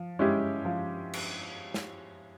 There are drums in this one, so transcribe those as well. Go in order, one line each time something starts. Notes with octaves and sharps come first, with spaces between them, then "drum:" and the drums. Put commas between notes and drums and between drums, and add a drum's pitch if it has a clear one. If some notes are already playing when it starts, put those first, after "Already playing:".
Already playing: F3
G#3 C#4 E4 G4
F3
drum: cymbal
drum: snare